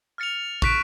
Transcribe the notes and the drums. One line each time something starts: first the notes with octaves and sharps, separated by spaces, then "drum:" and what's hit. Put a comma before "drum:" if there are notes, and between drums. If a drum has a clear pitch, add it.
F6 A6 C#7 F7
C#6 F#6 B6 D7, drum: kick